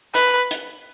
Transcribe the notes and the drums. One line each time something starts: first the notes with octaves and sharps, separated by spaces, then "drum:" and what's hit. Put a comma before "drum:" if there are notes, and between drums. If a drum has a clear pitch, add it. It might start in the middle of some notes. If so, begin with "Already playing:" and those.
B4, drum: hi-hat
drum: hi-hat